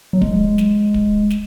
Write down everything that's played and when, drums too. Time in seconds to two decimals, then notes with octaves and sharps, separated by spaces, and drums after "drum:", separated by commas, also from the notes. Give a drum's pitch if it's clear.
0.13 F#3
0.22 G#3, drum: kick
0.58 drum: snare
0.94 drum: kick
1.30 drum: snare